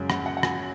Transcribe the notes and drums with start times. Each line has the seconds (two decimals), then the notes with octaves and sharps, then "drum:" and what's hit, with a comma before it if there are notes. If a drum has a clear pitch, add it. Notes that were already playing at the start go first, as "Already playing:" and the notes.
Already playing: F#2 C#3 G#3 C#4
0.10 F#5, drum: rim click
0.26 F#5
0.37 F#5
0.43 G#5, drum: rim click